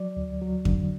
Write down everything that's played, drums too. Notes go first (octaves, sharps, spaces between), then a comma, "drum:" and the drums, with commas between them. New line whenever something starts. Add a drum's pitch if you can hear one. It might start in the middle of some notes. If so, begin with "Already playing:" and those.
Already playing: F#3 D5
D2
F#3
D3, drum: kick F2